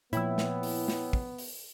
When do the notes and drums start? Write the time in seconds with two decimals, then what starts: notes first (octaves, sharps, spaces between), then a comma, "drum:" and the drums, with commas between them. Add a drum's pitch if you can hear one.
0.13 A#2 F3 B3 E4 C#5 G5 E6, drum: hi-hat
0.38 drum: snare
0.63 drum: open hi-hat
0.88 drum: snare
1.13 drum: kick
1.38 drum: open hi-hat